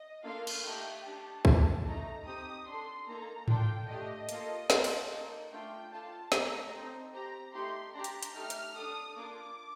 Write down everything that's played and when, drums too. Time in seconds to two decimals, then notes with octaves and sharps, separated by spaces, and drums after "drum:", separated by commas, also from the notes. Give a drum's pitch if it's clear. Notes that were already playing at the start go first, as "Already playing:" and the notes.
Already playing: D#5
0.23 A#3 D4 F4 A4 F5
0.47 drum: cymbal
0.64 A3 D#4 G4 G5
1.04 D4 G4 A5
1.45 D4 A4, drum: kick
1.85 A3 D#4 A4 A#5
2.26 C4 D#4 G4 D#6
2.66 D4 A4 C6
3.07 A#3 D#4 A4 A#5
3.48 D4 F4 A4 G5, drum: tom G#2
3.88 A3 D4 G4 D#5
4.29 A#3 F4 A4, drum: hi-hat
4.70 A#3 F4 A4, drum: snare
4.84 drum: cymbal
5.10 A#3 D#4 A4
5.51 A3 D4 F4 G5
5.91 D4 F4 A4 A5
6.32 A3 C4 D#4 G4 A#5, drum: snare
6.72 C4 D#4 A4
7.13 C4 G4 A#5
7.53 A3 D#4 G4 C6
7.94 D4 G4 A#5
8.04 drum: hi-hat
8.23 drum: hi-hat
8.35 A3 D#4 G4 F6
8.50 drum: hi-hat
8.75 D4 A4 D#6
9.16 A#3 D4 F4 D6